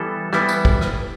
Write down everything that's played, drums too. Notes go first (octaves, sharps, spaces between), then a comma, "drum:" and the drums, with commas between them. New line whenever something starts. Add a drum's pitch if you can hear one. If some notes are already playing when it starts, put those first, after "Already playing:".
Already playing: E3 G3 B3 E4 A4
E3 G3 B3 E4 A4, drum: rim click
drum: tambourine
drum: kick
drum: rim click